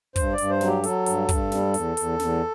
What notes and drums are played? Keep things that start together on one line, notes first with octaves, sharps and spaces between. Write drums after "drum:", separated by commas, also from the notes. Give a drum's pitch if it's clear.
G2 C5, drum: kick, hi-hat
D5
G2, drum: hi-hat
C5
F#3, drum: snare
G4
F#3 A4, drum: hi-hat
G2, drum: hi-hat
G2, drum: kick, hi-hat
G3, drum: snare
E2, drum: hi-hat
E2, drum: hi-hat
E2, drum: snare